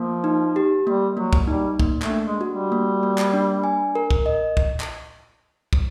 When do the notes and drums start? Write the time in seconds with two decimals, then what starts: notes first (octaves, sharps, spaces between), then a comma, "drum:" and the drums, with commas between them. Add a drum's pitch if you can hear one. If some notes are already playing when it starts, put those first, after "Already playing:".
Already playing: F3 A#3
0.24 D#4
0.56 G4
0.87 G3 A#3
1.17 F#3 A#3
1.33 drum: kick
1.47 G3 D#4
1.80 A#3, drum: kick
2.02 A3, drum: clap
2.10 D4
2.25 G#3
2.41 F#4
2.48 G3
2.72 A#3
3.03 A#3
3.18 drum: clap
3.33 D4
3.64 G#5
3.95 A#4
4.11 drum: kick
4.26 D#5
4.57 drum: kick
4.80 drum: clap
5.73 drum: kick